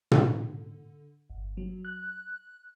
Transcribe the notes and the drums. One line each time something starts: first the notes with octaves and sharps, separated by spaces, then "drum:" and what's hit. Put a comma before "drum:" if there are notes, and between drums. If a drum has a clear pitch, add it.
D3, drum: tom
G1
F#3
F#6